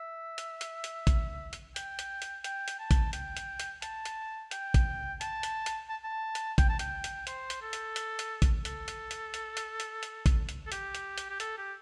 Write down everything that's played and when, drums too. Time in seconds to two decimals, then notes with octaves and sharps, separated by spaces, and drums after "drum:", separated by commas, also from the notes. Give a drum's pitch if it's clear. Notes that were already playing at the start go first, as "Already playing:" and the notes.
Already playing: E5
0.38 drum: hi-hat
0.61 drum: hi-hat
0.84 drum: hi-hat
1.07 drum: kick A1, hi-hat
1.53 drum: hi-hat
1.76 G5, drum: hi-hat
1.99 drum: hi-hat
2.22 drum: hi-hat
2.44 G5, drum: hi-hat
2.68 drum: hi-hat
2.79 A5
2.91 drum: kick A1, hi-hat
3.13 G5, drum: hi-hat
3.37 drum: hi-hat
3.60 drum: hi-hat
3.82 A5, drum: hi-hat
4.05 drum: hi-hat
4.51 G5, drum: hi-hat
4.74 drum: kick A1, hi-hat
5.21 A5, drum: hi-hat
5.43 drum: hi-hat
5.66 drum: hi-hat
5.89 A5
6.04 A5
6.35 drum: hi-hat
6.58 G5, drum: kick A1, hi-hat
6.69 A5
6.79 G5, drum: hi-hat
7.04 drum: hi-hat
7.27 C5, drum: hi-hat
7.50 drum: hi-hat
7.62 A4
7.73 drum: hi-hat
7.96 drum: hi-hat
8.19 drum: hi-hat
8.42 drum: kick A1, hi-hat
8.65 A4, drum: hi-hat
8.88 drum: hi-hat
9.11 drum: hi-hat
9.34 drum: hi-hat
9.57 drum: hi-hat
9.80 drum: hi-hat
10.03 drum: hi-hat
10.26 drum: kick A1, hi-hat
10.49 drum: hi-hat
10.66 A4
10.72 G4, drum: hi-hat
10.95 drum: hi-hat
11.18 drum: hi-hat
11.30 G4
11.40 A4, drum: hi-hat
11.58 G4